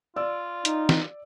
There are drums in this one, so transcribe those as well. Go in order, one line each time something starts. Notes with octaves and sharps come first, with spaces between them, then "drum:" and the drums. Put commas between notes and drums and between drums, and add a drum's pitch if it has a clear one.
F4 D5 E6
D#4, drum: hi-hat
drum: snare